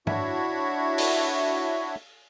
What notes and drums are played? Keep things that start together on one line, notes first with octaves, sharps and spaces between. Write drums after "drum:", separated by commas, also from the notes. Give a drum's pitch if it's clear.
D4 E4 F#4 C#5 E5, drum: tom
drum: open hi-hat